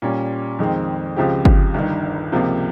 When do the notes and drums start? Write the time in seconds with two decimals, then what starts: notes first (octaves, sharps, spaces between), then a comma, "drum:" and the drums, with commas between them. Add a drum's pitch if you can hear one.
0.02 A#2 G3 C#4
0.59 F2 D#3 G#3 C4
1.16 C#2 C#3 F3 C4 G4
1.45 drum: kick G1
1.74 G1 G2 D#3
2.32 C#2 C3 F3 A#3 F4